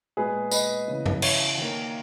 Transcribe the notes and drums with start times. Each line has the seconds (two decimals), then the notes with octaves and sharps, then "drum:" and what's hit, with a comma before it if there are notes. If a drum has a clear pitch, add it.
0.17 A#2 G#3 B3 G#4 B4
0.51 B4 D#5, drum: tambourine
0.88 C#3 E3 B3
1.06 drum: tom G2
1.22 C#5 E5, drum: cymbal
1.58 D#3 A#3